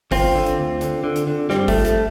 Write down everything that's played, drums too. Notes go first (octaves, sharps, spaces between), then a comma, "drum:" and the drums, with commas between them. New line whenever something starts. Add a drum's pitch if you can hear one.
D2 C4 F4, drum: kick G1, open hi-hat
D3
drum: hi-hat
D2
D3, drum: hi-hat
D3
drum: hi-hat
D3
G2 G3 C4, drum: snare
F3 A3, drum: kick G1, open hi-hat
A3, drum: hi-hat